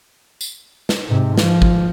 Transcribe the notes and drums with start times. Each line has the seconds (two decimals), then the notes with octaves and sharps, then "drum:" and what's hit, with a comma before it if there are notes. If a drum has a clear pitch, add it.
0.41 drum: tambourine
0.89 drum: snare
1.08 G#2 C3
1.38 F3, drum: snare
1.62 drum: kick G#1